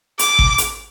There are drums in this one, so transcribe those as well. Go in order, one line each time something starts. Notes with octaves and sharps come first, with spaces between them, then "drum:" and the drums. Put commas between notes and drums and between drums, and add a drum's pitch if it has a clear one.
D6, drum: hi-hat
drum: kick G#1
drum: hi-hat